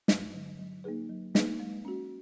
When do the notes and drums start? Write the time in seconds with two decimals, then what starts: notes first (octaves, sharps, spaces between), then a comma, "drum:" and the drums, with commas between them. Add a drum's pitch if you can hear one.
0.08 G2, drum: snare
0.33 D3 F#3
0.59 F#3
0.84 A#3 D#4 G#4 B4
1.09 F#3
1.35 A#3 D#4 G#4 B4, drum: snare
1.60 G#3
1.85 C#4 F#4